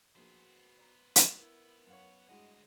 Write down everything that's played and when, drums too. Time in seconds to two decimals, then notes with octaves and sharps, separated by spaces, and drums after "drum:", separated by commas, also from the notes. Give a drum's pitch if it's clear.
0.16 A#1 A#3 B3 F#4 G#4 C5
0.77 D5 A#5
1.16 drum: hi-hat
1.38 E4 A#4
1.87 F#2 C#5 F5 F#5 C#6
2.29 D2 G2 G#3 E4 F#4 D#5 F#5